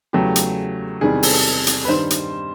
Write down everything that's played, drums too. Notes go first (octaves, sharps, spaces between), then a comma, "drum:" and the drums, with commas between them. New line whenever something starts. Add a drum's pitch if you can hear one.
E2 C#3 F#3 A3 G4
drum: hi-hat
E2 C3 D#3 G3 G#4
A4, drum: open hi-hat
drum: hi-hat
B4
G2 D#3 G3 C5
drum: hi-hat